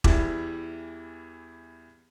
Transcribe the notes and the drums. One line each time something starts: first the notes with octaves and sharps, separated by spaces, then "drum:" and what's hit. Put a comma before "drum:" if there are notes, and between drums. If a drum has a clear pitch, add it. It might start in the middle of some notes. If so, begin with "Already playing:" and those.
E2 E3 G3 E4 D6, drum: kick E1